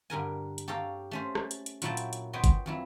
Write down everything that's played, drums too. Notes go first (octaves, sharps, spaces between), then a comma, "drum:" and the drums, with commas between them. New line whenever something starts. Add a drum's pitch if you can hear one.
G2 D3 A#4 G#5
drum: hi-hat
G4 A4 C#5 F5 A#5
A3 C#4 C5
drum: rim click
drum: hi-hat
drum: hi-hat
A#2 F#3 E4 F#4 G5 A5, drum: hi-hat
drum: hi-hat
drum: hi-hat
B3 C5 C#5 D#5 F#5 G5
drum: kick G1, hi-hat
F2 F#3 E4